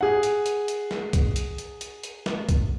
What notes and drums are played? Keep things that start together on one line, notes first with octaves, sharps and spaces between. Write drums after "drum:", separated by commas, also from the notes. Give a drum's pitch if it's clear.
G#4 F#5
drum: hi-hat
drum: hi-hat
drum: hi-hat
drum: snare
drum: kick C2, hi-hat
drum: hi-hat
drum: hi-hat
drum: hi-hat
drum: hi-hat
drum: snare
drum: kick C2, hi-hat